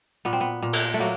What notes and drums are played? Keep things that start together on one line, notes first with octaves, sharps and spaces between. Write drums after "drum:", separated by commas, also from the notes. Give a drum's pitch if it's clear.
A#2 B3
C4
B3
A#2
drum: cymbal
A3
F#3 A#3